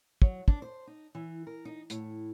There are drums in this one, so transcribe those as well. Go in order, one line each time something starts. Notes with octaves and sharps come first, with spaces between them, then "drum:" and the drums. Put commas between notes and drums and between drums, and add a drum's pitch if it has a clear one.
F#3, drum: kick
D4, drum: kick
C5
D#4
E3
A#4
D#4
A2, drum: hi-hat